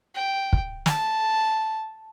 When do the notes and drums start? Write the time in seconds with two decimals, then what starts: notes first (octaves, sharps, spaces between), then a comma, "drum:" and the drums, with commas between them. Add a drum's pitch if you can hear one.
0.15 G5
0.53 drum: kick
0.86 A5, drum: snare